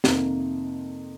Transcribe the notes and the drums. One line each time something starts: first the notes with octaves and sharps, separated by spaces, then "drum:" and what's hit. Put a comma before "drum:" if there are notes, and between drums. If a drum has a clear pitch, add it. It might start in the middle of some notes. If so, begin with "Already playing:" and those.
F2 C3 D#3 A#3, drum: snare